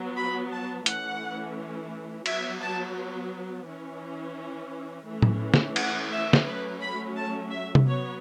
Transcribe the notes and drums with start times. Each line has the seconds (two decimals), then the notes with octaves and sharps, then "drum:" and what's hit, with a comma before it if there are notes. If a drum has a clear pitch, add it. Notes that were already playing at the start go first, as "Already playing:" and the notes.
Already playing: F#3 B3
0.16 B5
0.52 A5
0.86 E3 A3 C#4 F#5, drum: hi-hat
2.26 F#3 B3 E5, drum: cymbal
2.61 A5
3.66 E3 C#4
5.06 E3 A3 C#4
5.22 drum: tom A2
5.54 drum: snare
5.76 F#5, drum: cymbal
6.11 E5
6.33 drum: snare
6.46 F#3 A3 C#4 B4
6.81 B5
7.16 A5
7.50 E5
7.75 drum: tom C3
7.86 F#3 B3 C#5